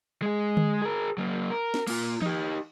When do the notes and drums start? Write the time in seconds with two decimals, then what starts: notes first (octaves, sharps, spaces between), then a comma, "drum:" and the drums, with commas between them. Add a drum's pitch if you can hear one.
0.22 G#3 G#4
0.57 drum: tom D3
0.82 G#4 A#4
1.18 F#3 A#3
1.51 A#4
1.74 drum: snare
1.87 A#3 F4, drum: cymbal
2.22 D#4 G4, drum: tom E3